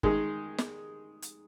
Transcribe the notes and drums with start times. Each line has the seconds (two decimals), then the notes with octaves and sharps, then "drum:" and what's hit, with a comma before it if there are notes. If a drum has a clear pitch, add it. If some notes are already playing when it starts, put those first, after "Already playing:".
0.03 D#3 G#3 D#4 G#4, drum: kick
0.58 drum: snare
1.22 drum: hi-hat